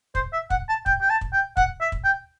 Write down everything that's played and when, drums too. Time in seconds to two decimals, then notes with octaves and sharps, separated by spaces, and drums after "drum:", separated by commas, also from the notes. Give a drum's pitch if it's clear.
0.15 C5, drum: kick
0.33 E5
0.50 F#5, drum: kick
0.69 A5
0.86 G5, drum: kick
1.01 G5
1.10 A5
1.21 drum: kick
1.33 G5
1.57 F#5, drum: kick
1.81 E5
1.92 drum: kick
2.04 G5